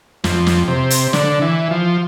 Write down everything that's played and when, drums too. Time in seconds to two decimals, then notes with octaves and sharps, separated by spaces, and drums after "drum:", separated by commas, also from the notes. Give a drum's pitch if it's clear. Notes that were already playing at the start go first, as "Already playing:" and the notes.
0.24 F2, drum: snare
0.47 drum: snare
0.68 C3
0.90 drum: hi-hat
1.13 D3, drum: snare
1.42 E3
1.71 F3